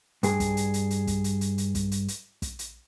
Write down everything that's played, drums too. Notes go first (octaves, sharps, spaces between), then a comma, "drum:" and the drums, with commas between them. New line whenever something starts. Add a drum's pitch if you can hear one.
G2 G#4, drum: hi-hat
drum: kick, hi-hat
drum: hi-hat
drum: hi-hat
drum: hi-hat
drum: kick, hi-hat
drum: hi-hat
drum: hi-hat
drum: hi-hat
drum: kick, hi-hat
drum: hi-hat
drum: hi-hat
drum: kick, hi-hat
drum: hi-hat